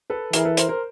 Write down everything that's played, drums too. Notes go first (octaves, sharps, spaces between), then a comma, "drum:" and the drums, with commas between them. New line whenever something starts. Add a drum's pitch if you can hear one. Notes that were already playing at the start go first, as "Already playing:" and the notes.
A4 B4
E3 G#4 A#4, drum: hi-hat
A4 B4
A#4 C5, drum: hi-hat
A#4 C5